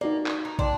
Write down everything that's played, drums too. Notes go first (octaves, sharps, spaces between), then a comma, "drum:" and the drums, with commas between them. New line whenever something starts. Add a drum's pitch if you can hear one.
A#3 D#4 F#4 A#4 D5
drum: clap
D#4
D4 D5 G5 C6, drum: kick